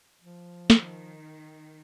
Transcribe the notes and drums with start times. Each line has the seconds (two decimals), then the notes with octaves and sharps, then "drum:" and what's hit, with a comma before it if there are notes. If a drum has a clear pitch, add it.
0.22 F3
0.70 D#3, drum: snare